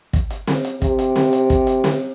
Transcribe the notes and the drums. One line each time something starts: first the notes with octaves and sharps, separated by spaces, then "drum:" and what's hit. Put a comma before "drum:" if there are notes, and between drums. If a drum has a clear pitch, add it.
drum: kick, hi-hat
drum: hi-hat
drum: snare C4
drum: hi-hat
C3, drum: kick, hi-hat
drum: hi-hat
drum: snare C4
drum: hi-hat
drum: kick, hi-hat
drum: hi-hat
drum: snare C4